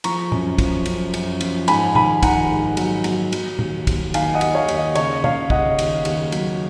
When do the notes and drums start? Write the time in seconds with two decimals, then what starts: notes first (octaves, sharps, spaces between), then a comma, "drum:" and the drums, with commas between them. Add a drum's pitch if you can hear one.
0.04 F3 A#5 C#6, drum: cymbal
0.32 F#2, drum: tom
0.58 F3, drum: kick, cymbal
0.86 F#2, drum: cymbal
1.14 F#2, drum: cymbal
1.41 F3, drum: cymbal
1.68 G#2 G#5 B5, drum: cymbal
1.95 D#3 G#5 B5, drum: tom
2.23 D#3 F#5 A#5, drum: kick, cymbal
2.50 G#2
2.77 F#3, drum: cymbal
3.04 F#3, drum: cymbal
3.32 F#3, drum: cymbal
3.59 D#2, drum: tom
3.87 D#2, drum: kick, cymbal
4.14 D#3 F5 G#5, drum: cymbal
4.34 D#5 F#5
4.41 D#2, drum: cymbal
4.55 C#5 F5
4.68 D#2, drum: cymbal
4.76 D#5
4.95 C#3 C#5, drum: cymbal
5.24 C#3 C#5 F5, drum: tom
5.50 C#3 D#5 F#5, drum: kick
5.79 D#2, drum: cymbal
6.05 D#2, drum: cymbal
6.32 F#3, drum: cymbal